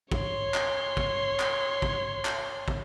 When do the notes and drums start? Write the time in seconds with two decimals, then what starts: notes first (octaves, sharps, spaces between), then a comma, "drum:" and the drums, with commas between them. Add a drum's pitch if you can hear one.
0.12 C#5 C6, drum: kick
0.54 drum: clap
0.97 drum: kick
1.40 drum: clap
1.82 drum: kick
2.25 drum: clap
2.68 drum: kick